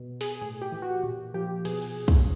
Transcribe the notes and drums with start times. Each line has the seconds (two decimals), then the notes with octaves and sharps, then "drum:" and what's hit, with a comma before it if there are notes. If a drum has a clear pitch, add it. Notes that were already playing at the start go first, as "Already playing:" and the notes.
Already playing: B2
0.21 G#4, drum: open hi-hat
0.41 A2 G#4
0.61 G4
0.72 E3
0.82 F#4
1.03 A#2
1.34 F3 G4
1.65 B2 G#4, drum: cymbal
2.08 drum: kick